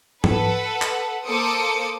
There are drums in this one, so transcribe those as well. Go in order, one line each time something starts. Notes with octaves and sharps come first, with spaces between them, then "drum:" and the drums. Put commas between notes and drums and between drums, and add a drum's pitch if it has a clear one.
A4 B4 F#5, drum: tom
drum: clap
A#3 A4 C5 D6 D#6 C#7